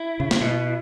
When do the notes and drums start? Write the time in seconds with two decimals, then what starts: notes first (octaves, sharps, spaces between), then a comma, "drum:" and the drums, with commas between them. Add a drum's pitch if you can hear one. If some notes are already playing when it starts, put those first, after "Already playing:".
Already playing: E4
0.20 C#3
0.31 drum: snare
0.41 B2